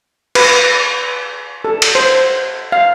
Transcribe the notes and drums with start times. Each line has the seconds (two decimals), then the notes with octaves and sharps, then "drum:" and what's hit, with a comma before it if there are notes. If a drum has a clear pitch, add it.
0.35 B4, drum: cymbal
1.65 A4
1.82 drum: cymbal
1.95 C5
2.72 F5